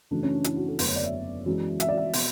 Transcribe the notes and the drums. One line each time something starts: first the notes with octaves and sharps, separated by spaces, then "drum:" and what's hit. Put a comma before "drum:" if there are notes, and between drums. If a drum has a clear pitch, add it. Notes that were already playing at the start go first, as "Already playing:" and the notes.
F#2 C#3 E3 A3 D4
C#4
D4
E4, drum: hi-hat
F#4
A4
F#1 E2 D3 A3 B4, drum: open hi-hat
C#5
D5
E5
F#2 E3 G#3
E5, drum: hi-hat
D5
E5
B2, drum: open hi-hat